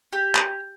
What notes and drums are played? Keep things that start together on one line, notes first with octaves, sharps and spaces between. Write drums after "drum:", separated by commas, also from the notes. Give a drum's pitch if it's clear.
G4
drum: clap